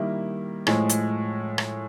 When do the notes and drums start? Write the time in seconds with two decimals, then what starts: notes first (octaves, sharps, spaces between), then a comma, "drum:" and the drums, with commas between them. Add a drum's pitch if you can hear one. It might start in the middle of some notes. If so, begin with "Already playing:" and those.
Already playing: D#3 G3 A#3 E4
0.67 A2 F3 G#3, drum: rim click
0.89 drum: hi-hat
1.58 drum: rim click